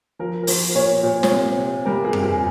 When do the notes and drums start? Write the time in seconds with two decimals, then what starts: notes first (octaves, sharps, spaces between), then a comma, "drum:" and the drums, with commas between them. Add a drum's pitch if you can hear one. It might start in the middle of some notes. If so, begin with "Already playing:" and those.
0.19 F3 A#4
0.43 A#4
0.47 F3 C5, drum: open hi-hat
0.75 A#2 C#5
1.03 A#2
1.23 C#5, drum: snare
1.30 C3 C5
1.58 C3
1.85 G3 A#4
2.05 G#4
2.13 C3, drum: tom F2
2.23 G#4